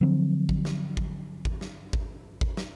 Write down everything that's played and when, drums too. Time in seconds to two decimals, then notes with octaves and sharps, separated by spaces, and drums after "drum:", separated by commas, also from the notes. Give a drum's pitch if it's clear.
0.01 D3 F3 F#3 C4
0.49 drum: kick G#1
0.65 drum: snare
0.97 drum: kick G#1
1.45 drum: kick G#1
1.61 drum: snare
1.93 drum: kick G#1
2.41 drum: kick G#1
2.57 drum: snare